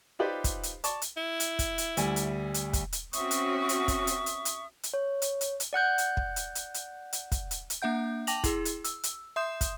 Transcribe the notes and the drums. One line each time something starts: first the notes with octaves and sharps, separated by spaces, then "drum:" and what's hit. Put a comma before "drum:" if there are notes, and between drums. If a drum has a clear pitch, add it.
D#4 F4 G4 B4 C5 D5
drum: kick, hi-hat
drum: hi-hat
D5 A5 C#6, drum: hi-hat
drum: hi-hat
E4
drum: hi-hat
drum: kick, hi-hat
drum: hi-hat
D2 G3 G#5, drum: hi-hat
drum: hi-hat
drum: hi-hat
drum: kick, hi-hat
drum: hi-hat
C4 C#4 F#4 E5 C#6 D#6, drum: hi-hat
drum: hi-hat
drum: hi-hat
drum: kick, hi-hat
drum: hi-hat
drum: hi-hat
drum: hi-hat
drum: hi-hat
C#5
drum: hi-hat
drum: hi-hat
drum: hi-hat
D5 F#5 F#6 G6
drum: hi-hat
drum: kick
drum: hi-hat
drum: hi-hat
drum: hi-hat
drum: hi-hat
drum: kick, hi-hat
drum: hi-hat
drum: hi-hat
A#3 D4 E5 F#5 G6
G5 A5 D6 A#6 F7 F#7, drum: hi-hat
E4 G#4, drum: kick, hi-hat
drum: hi-hat
E6, drum: hi-hat
drum: hi-hat
E5 C6 D#6 G6 E7
drum: kick, hi-hat